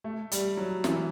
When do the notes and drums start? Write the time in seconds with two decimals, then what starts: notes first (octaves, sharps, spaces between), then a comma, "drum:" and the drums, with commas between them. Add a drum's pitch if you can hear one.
0.04 A3
0.32 G3, drum: hi-hat
0.57 F#3
0.84 E3, drum: snare